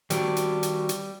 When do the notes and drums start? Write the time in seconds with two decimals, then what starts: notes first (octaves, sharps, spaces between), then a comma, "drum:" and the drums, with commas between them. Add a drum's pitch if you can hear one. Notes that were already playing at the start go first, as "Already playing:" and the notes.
0.10 D#3 G3 F#4, drum: hi-hat
0.36 drum: hi-hat
0.63 drum: hi-hat
0.89 drum: hi-hat